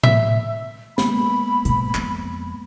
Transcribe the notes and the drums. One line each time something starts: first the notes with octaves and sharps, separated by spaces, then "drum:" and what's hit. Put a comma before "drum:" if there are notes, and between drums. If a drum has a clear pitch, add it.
E5, drum: tom A2
G#3 A#3 B3 B5, drum: snare
G#2 B2, drum: hi-hat
F2, drum: clap